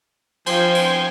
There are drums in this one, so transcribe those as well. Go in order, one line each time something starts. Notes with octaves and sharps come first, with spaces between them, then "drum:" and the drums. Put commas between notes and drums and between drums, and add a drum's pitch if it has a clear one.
F3 C5 G5 G#5, drum: cymbal
drum: cymbal